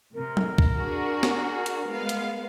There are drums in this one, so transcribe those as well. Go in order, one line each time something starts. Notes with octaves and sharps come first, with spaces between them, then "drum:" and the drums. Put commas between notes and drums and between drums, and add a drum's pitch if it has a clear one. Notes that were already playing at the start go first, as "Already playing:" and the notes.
C3 A#4
drum: tom F#3
drum: kick
D4 F#4 G#4
drum: snare
drum: hi-hat
G#3 B3 F5
drum: hi-hat